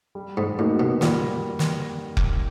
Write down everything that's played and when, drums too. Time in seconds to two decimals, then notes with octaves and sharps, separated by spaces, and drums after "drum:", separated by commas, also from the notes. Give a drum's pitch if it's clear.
0.15 G3
0.37 G#2
0.58 A2 A#3 D#4 F#4
0.80 B2
1.01 A#2 G3, drum: snare
1.59 drum: snare
2.17 drum: kick F1